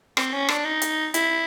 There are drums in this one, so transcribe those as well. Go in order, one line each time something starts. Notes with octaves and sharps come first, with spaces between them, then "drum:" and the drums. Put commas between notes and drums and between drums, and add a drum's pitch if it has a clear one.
C4, drum: rim click
C#4
D4, drum: rim click
D#4
drum: hi-hat
E4, drum: hi-hat